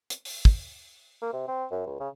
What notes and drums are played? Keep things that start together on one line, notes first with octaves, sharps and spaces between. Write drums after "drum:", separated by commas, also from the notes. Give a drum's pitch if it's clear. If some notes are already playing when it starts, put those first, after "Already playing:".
drum: hi-hat
drum: open hi-hat
drum: kick
A#3
C3
C4
F#2
C#2
C#3